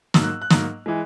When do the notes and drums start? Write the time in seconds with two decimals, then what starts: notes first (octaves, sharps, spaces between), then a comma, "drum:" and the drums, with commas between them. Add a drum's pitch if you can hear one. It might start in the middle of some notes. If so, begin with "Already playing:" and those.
0.14 G#2 F#3 A#3 E6, drum: snare
0.23 F#6
0.42 F#6
0.50 G#2 F#3 A#3, drum: snare
0.86 E3 G#3